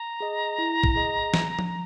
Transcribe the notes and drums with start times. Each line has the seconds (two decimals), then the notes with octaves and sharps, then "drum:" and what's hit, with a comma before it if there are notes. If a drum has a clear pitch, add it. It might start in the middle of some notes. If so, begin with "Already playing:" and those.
Already playing: A#5
0.20 G#4 D#5
0.58 E4
0.83 drum: kick A1
0.96 G#4 D#5
1.34 drum: snare
1.59 drum: tom F3